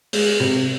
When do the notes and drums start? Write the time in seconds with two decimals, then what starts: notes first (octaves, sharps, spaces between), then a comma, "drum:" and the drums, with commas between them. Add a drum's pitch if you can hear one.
0.13 G#3, drum: open hi-hat
0.40 C3